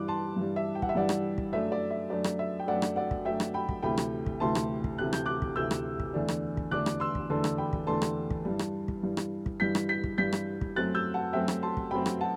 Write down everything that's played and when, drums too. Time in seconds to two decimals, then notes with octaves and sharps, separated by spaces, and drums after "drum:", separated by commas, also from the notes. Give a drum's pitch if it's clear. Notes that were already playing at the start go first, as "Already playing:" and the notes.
Already playing: G2 E3 G3 D6 F#6
0.08 A5 C6
0.36 G2 E3 G3
0.56 E5
0.75 G5
0.82 F#5, drum: kick
0.89 E5
0.95 G2 E3 G3 D5 F#5
1.09 drum: rim click
1.38 drum: kick
1.53 F#2 F#3 A3 D4 E5
1.72 D5
1.90 E5
2.10 F#2 F#3 A3 D4 D5
2.24 drum: rim click
2.39 E5
2.60 G5
2.68 F#2 F#3 A3 D4 D5 F#5
2.82 drum: rim click
2.96 D5 F#5
3.11 drum: kick
3.25 F#2 F#3 A3 D4 E5 G5
3.40 drum: rim click
3.54 G5 B5
3.69 drum: kick
3.83 D2 C3 E3 A3 G5 B5
3.98 drum: rim click
4.26 drum: kick
4.40 D2 C3 E3 A3 A5 C6
4.55 drum: rim click
4.84 drum: kick
4.98 D2 C3 E3 A3 F#6
5.13 G6, drum: rim click
5.26 D6 F#6
5.42 drum: kick
5.56 D2 C3 E3 A3 E6 G6
5.71 drum: rim click
6.00 drum: kick
6.14 E2 D3 A3 D4
6.28 drum: rim click
6.57 drum: kick
6.71 E2 D3 A3 D4 D6 F#6
6.86 drum: rim click
7.00 C6 E6
7.15 drum: kick
7.30 E2 D3 A3 D4 A5 C6
7.44 drum: rim click
7.58 G5 B5
7.73 drum: kick
7.87 E2 D3 A3 D4 A5 C6
8.02 drum: rim click
8.30 drum: kick
8.45 G2 E3 G3
8.59 drum: rim click
8.88 drum: kick
9.03 G2 E3 G3
9.17 drum: rim click
9.46 drum: kick
9.60 G2 E3 G3 G6 B6
9.75 drum: rim click
9.89 G6 B6
10.04 drum: kick
10.18 G2 E3 G3 G6 B6
10.33 drum: rim click
10.61 drum: kick
10.76 F#2 F#3 A3 C4 F#6 A6
10.95 E6 G6
11.14 F#5 A5
11.33 F#2 F#3 A3 C4 E5 G5
11.48 drum: rim click
11.63 A5 C6
11.77 drum: kick
11.91 F#2 F#3 A3 C4 G5 B5
12.06 drum: rim click
12.21 F#5 A5